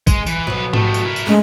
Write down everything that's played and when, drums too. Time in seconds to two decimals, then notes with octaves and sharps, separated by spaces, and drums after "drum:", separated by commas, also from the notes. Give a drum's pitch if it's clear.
0.07 G#3, drum: kick, tambourine
0.26 E3, drum: tambourine
0.47 B1 B2 F#3 B4
0.73 G3 A3, drum: tom G#2
0.94 drum: tambourine
1.05 E4 A#4
1.16 drum: tambourine
1.27 G#3 A3 C#4